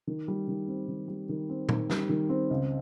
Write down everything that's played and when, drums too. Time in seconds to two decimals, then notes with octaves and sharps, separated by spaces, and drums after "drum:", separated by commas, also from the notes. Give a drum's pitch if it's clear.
0.07 D#3
0.28 G3
0.48 D#3
0.68 C4
0.88 D#3
1.08 G3
1.29 D#3
1.49 C4
1.69 D#3, drum: tom A#2
1.90 G3, drum: snare
2.09 D#3
2.29 C4
2.51 C#2